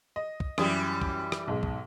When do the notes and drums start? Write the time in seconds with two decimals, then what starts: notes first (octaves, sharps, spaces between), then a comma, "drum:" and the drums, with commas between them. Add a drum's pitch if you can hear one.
0.16 D#5
0.40 drum: kick
0.58 F#2 E3 G3 G4 D#6, drum: rim click
1.02 drum: kick
1.32 drum: rim click
1.48 B1 G#2
1.63 drum: kick